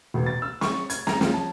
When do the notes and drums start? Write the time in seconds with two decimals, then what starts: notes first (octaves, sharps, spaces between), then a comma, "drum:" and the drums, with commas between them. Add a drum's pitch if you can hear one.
0.14 E1
0.26 A6
0.42 E6
0.61 C#6, drum: snare
0.90 G#6, drum: hi-hat
1.07 A#5, drum: snare
1.21 F3, drum: snare
1.34 A5